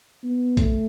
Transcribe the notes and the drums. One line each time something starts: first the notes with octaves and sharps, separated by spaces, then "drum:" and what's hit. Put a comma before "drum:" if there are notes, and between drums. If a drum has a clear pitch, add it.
B3
A3, drum: kick A#1, hi-hat